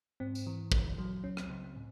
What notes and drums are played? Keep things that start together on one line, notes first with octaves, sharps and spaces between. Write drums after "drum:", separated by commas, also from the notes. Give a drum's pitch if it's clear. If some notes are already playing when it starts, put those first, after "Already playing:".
G#2 C4
drum: tambourine
E3
A#2, drum: kick
F#3
C#2 C#4
C4, drum: rim click
C#3 C4
C4
A2